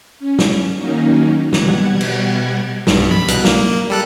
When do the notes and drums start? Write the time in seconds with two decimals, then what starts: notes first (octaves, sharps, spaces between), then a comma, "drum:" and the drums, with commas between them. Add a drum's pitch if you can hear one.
0.19 C#4
0.39 drum: snare
0.77 D#3 F#3 A#3 C#4 D#4
1.53 B2 G3 F#5 G#6, drum: snare
1.68 drum: tom E3
2.01 drum: cymbal
2.87 B1 G2, drum: snare
3.11 B5, drum: tom
3.28 C2 B2 F#6, drum: hi-hat
3.45 A#3, drum: snare
3.90 G3 A4 F#6